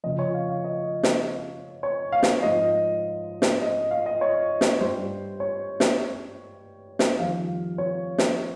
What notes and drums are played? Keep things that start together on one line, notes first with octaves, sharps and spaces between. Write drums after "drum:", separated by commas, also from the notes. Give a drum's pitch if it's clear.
F2 C#3 F3 D#5
C#5
F5
F5
D#5
drum: snare
C#5
F5
drum: snare
G#2 F3 D#5
drum: snare
D#5
F5
D#5
C#5
drum: snare
G2 G3 C5
C#5
drum: snare
drum: snare
F2 D#3 G3 F5
C#5
drum: snare